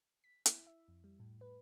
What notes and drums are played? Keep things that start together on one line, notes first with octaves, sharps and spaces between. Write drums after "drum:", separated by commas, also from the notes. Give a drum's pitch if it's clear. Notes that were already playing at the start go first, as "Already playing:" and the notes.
B6
E4, drum: hi-hat
E5
F2
G3
A2
B4